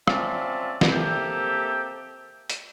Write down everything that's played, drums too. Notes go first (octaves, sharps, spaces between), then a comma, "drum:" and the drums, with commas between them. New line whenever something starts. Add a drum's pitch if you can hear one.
C4 C#4 F4 D5 E5 A5, drum: rim click
drum: snare
A#3 C4 G4 A4 E5 G5
drum: hi-hat